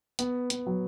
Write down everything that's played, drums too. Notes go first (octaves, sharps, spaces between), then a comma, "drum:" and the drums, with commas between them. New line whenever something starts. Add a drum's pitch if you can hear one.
B3, drum: hi-hat
B3, drum: hi-hat
F#3